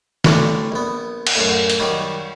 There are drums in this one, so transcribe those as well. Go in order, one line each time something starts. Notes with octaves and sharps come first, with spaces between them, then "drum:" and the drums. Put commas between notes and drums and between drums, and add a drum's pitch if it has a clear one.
D3 G3 A3 C#4 D4 F#4, drum: snare
A#1 B3
drum: cymbal
A1 F#2
drum: hi-hat
D#3 F#3 G3